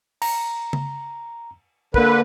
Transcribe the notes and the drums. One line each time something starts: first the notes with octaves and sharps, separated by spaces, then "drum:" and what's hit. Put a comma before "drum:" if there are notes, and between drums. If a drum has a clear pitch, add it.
A#5, drum: cymbal
drum: tom C#3
D3 A#3 A#4 B4, drum: kick